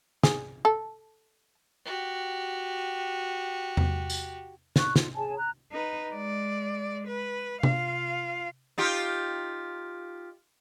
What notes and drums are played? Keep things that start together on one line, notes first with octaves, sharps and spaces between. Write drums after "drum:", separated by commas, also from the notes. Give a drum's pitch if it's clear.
G#4, drum: snare
A4
F#4 G4
drum: tom E2
drum: tambourine
C#6 F#6, drum: snare
F4, drum: snare
G#4 C#5 G#5 A5
A#5 F#6
D#4 B4
G#3 D5
B4
F4 F5, drum: tom C3
D#4 F4 G4